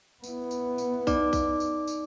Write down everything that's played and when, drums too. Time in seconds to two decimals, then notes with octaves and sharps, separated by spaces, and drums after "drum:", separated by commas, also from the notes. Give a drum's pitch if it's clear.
0.24 B3 E4, drum: tambourine
0.51 drum: tambourine
0.78 drum: tambourine
1.07 D#4 D5 D6, drum: kick B1, tambourine
1.33 drum: kick B1, tambourine
1.60 drum: tambourine
1.87 drum: tambourine